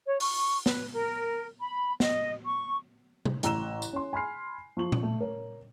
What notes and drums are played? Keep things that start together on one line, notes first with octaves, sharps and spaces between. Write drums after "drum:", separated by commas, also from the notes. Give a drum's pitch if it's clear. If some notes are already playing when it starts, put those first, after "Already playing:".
C#5
C#6, drum: open hi-hat
B4, drum: snare
A#4
B5
D#5, drum: snare
C#6
drum: tom C3
A1 A#5 E6 F#6 E7 G7, drum: hi-hat
drum: tambourine
C#4 C6
G#5 B5 C6 F6 C7
F3 C#6 F#7
drum: tom A#2
A3
A#4 C#5